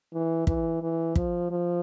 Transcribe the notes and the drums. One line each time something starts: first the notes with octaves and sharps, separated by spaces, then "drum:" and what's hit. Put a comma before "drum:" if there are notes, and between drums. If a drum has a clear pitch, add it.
E3
E3, drum: kick
E3
F3, drum: kick
F3